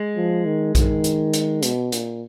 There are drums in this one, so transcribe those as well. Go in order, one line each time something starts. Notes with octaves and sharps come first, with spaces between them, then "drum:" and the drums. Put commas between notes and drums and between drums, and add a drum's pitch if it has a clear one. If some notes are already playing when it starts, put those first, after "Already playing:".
Already playing: G#3
F3
D#3
D#3, drum: kick A#1, hi-hat
drum: hi-hat
drum: hi-hat
B2, drum: hi-hat
A#2, drum: hi-hat